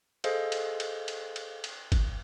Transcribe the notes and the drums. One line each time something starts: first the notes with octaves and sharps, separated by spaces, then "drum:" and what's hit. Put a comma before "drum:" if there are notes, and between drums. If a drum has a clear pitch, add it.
G#4 A4 C5 D#5 F5, drum: cymbal
drum: cymbal
drum: cymbal
drum: cymbal
drum: cymbal
drum: cymbal
drum: kick G1, cymbal